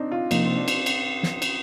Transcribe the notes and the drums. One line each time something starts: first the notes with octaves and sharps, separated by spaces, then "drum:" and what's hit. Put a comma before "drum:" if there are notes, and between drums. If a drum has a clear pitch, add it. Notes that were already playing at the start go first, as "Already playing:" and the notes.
Already playing: C4 D4 D#4
F4
C3 F3 A#3 D#4, drum: cymbal
C4
D4
drum: cymbal
drum: cymbal
drum: snare
drum: cymbal